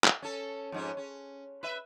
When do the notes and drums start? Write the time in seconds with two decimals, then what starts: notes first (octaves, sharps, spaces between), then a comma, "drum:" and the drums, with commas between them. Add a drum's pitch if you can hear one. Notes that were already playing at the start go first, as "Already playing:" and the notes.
0.04 drum: clap
0.22 C#4 A4
0.72 F2 G#2 C#4
0.97 C#4
1.63 B4 E5